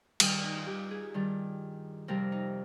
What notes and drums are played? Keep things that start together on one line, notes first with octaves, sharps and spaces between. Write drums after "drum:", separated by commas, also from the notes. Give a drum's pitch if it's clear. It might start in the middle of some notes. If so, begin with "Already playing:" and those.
G2 D#3 G3 D#4, drum: cymbal
D#4
F4
G4
G#4
G2 D#3 G3
F2 C3 G3 A#4
D#4